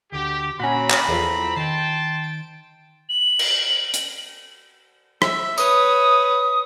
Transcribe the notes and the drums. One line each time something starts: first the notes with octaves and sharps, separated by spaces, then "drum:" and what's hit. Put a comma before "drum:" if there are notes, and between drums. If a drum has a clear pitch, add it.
D2 D3 F#4 G4
A#2 C4 C#4 F#4 A#5 B5
drum: clap
E2 F3 A4 C5
D#3 C5 G5 A5 C7
D7
F#7
drum: cymbal
drum: hi-hat
E5, drum: rim click
B4 C#5 D#6, drum: tambourine